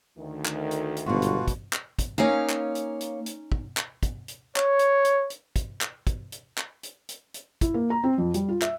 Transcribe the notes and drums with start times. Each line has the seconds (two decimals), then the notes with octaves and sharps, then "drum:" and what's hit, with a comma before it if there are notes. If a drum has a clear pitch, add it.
0.17 D2 D#3
0.45 drum: clap
0.71 drum: hi-hat
0.97 drum: hi-hat
1.06 G1 G#2 B2 F4 F#4
1.22 drum: hi-hat
1.48 drum: kick, hi-hat
1.73 drum: clap
1.99 drum: kick, hi-hat
2.18 A#3 C#4 D#4 C#5 F5
2.50 drum: clap
2.75 drum: hi-hat
3.01 drum: hi-hat
3.26 drum: hi-hat
3.52 drum: kick
3.77 drum: clap
4.03 drum: kick, hi-hat
4.28 drum: hi-hat
4.56 C#5, drum: clap
4.79 drum: hi-hat
5.05 drum: hi-hat
5.30 drum: hi-hat
5.56 drum: kick, hi-hat
5.81 drum: clap
6.07 drum: kick, hi-hat
6.32 drum: hi-hat
6.58 drum: clap
6.83 drum: hi-hat
7.09 drum: hi-hat
7.34 drum: hi-hat
7.61 E4, drum: kick, hi-hat
7.74 A#3
7.90 A#5
8.04 C4
8.18 F2
8.34 G3, drum: hi-hat
8.49 F4
8.62 E5, drum: clap